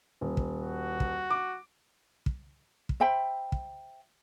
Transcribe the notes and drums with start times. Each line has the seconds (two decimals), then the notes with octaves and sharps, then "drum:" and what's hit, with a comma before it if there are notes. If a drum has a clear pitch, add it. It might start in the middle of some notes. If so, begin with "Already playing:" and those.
0.21 D#1
0.37 drum: kick
0.61 F#4
1.00 drum: kick
1.30 D6
2.26 drum: kick
2.89 drum: kick
3.00 C5 E5 G5 B5
3.52 drum: kick